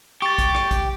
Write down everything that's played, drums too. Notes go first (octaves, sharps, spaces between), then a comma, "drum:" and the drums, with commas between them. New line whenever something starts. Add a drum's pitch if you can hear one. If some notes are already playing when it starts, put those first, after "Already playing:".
G4 C#6 A6
drum: kick, hi-hat
drum: rim click
drum: kick, hi-hat